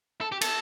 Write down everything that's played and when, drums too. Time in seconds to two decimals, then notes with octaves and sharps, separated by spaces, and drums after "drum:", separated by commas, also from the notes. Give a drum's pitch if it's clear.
0.21 A4
0.32 G4
0.41 A4, drum: cymbal